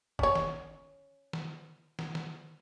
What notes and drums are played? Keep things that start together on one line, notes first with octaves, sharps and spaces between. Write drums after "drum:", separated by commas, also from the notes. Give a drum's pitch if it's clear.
C#4 C#5, drum: kick
drum: snare
drum: snare
drum: snare
drum: snare